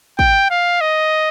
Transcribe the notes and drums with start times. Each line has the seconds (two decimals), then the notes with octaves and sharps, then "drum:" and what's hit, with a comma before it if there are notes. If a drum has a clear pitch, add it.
0.19 G5, drum: kick
0.51 F5
0.81 D#5